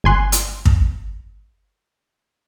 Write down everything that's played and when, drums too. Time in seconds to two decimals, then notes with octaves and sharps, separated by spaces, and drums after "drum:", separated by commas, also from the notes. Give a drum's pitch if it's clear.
0.04 G1 G#5 C6 F#6
0.32 drum: hi-hat
0.65 drum: kick